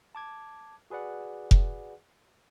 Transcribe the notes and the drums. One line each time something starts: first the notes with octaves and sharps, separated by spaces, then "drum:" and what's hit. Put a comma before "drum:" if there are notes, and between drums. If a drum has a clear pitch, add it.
A5 D6 G#6
F#4 G#4 B4 D5 F#5
drum: kick F1